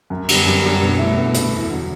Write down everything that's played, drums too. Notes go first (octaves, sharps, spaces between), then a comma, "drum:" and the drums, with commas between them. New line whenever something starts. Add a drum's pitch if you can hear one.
F#2
D3 G3 B3, drum: cymbal
F#2
D3 G3 B3
B2
A3 E4
B2
A3 E4, drum: hi-hat
E2
D3 F#3